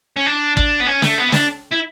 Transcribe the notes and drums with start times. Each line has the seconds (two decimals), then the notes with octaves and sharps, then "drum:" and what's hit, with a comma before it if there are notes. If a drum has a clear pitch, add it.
0.17 C#4
0.26 D4
0.57 D4, drum: kick
0.81 B3
0.87 C#4
1.02 A3, drum: snare
1.18 B3
1.29 E4
1.32 D4, drum: snare
1.71 E4